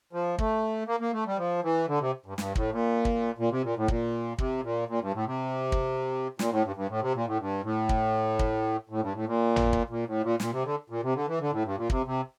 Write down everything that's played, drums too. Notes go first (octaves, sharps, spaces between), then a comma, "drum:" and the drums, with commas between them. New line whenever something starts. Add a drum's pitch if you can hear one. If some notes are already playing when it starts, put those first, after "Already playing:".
F3
A3, drum: kick
A#3
A#3
A3
G3
F3
E3
D3
C3
G2
G2, drum: snare
A2, drum: kick
A#2
drum: kick
A#2
C3
A#2
A2
A#2, drum: kick
C3, drum: kick
A#2
A#2
G2
A2
C3
drum: kick
A#2, drum: snare
A2
G2
G2
A2
C3
A#2
A2
G2
A2
drum: kick
drum: kick
A2
G2
A2
A#2
drum: tom
drum: kick
A#2
A2
A#2
A#2, drum: snare
C3
D3
A#2
C3
D3
E3
D3
A2
G2
A#2
C3, drum: kick
C3